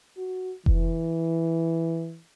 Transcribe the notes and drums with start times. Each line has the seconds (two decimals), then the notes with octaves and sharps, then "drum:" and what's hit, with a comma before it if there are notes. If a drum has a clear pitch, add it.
0.17 F#4
0.66 E3, drum: kick F1